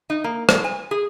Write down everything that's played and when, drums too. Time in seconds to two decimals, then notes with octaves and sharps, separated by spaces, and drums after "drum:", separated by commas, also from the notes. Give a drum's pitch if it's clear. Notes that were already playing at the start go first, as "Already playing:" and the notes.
0.10 D#4
0.24 A#3
0.49 G#3, drum: rim click
0.64 G#5
0.91 G#4